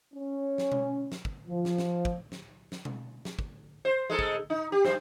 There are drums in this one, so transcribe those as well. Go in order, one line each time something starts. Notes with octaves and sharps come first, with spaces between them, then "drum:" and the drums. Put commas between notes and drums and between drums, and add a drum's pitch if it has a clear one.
C#4
drum: snare
drum: tom B2
drum: snare
drum: kick
F3
drum: snare
drum: snare
drum: kick
drum: snare
drum: snare
drum: tom B2
drum: snare
drum: kick
C5
G#3 D#4 A4
drum: kick
D#4
G4
G2 C5, drum: snare